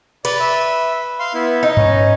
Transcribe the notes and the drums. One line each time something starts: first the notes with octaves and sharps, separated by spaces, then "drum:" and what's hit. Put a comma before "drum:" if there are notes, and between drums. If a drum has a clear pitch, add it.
B4 D5, drum: cymbal
E5
F5 C6
B3 E4
D#4
C#4, drum: tom G2